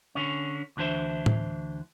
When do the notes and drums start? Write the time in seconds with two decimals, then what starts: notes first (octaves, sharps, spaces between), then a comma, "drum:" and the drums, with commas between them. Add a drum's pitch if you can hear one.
0.15 D3 C#4
0.77 D2 E3 D4 C5 E5
1.26 drum: tom A2